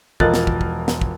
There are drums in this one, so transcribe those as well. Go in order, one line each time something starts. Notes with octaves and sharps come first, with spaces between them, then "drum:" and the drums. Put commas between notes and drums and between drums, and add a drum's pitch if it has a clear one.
E1 F3 A#4 D#5 F#6 A6, drum: kick
drum: snare
drum: kick
drum: kick
drum: snare
drum: kick